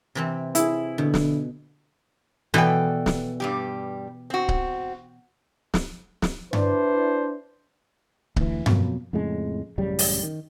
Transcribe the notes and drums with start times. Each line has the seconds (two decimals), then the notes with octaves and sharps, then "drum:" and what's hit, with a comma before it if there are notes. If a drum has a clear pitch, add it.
0.15 C3 E3 C4
0.55 E4 G#4, drum: hi-hat
0.98 B2 D3
1.14 drum: snare
2.54 B2 E3 A4 B4 D5 G5
3.06 drum: snare
3.40 G2 G3 G4
4.30 C4 F#4
4.49 drum: kick C#1
5.74 drum: snare
6.22 drum: snare
6.53 D4 E4 B4 C5, drum: tom G2
8.36 D2 E3, drum: kick C#1
8.66 F2 B2 F#3 A#3, drum: tom G2
9.13 F2 A2 C#3 G#3
9.78 A1 F#2 C#3 G3
9.99 drum: open hi-hat
10.23 D#3